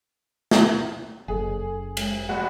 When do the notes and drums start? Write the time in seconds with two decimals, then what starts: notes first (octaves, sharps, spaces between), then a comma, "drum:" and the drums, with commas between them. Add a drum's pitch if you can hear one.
0.51 drum: snare
1.28 F#1 G#4 A4
1.97 G#3 F#7, drum: cymbal
2.29 F1 A#1 F#4